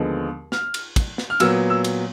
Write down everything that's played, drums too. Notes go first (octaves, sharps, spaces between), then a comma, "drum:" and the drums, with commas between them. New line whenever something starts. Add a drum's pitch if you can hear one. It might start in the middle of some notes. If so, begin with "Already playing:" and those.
Already playing: D#2 D3 F3 G#3 B3
F6, drum: snare
drum: cymbal
drum: kick, cymbal
drum: snare
F6
A#2 F#3 B3 E6, drum: cymbal
E6
drum: cymbal